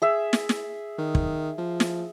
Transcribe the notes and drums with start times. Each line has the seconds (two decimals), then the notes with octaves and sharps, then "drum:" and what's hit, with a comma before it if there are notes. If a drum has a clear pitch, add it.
0.02 G#4 E5
0.33 drum: snare
0.49 drum: snare
0.98 D#3
1.15 drum: kick
1.58 F3
1.80 drum: snare